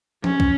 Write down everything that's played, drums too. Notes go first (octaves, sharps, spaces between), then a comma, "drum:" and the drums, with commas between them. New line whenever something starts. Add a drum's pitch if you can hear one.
C#4, drum: tom F3
drum: kick